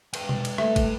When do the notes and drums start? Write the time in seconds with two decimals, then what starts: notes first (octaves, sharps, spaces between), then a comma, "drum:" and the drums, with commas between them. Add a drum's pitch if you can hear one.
0.14 B4 G5, drum: cymbal
0.29 drum: tom B2
0.45 drum: cymbal
0.58 A3 E5, drum: rim click
0.76 drum: kick, cymbal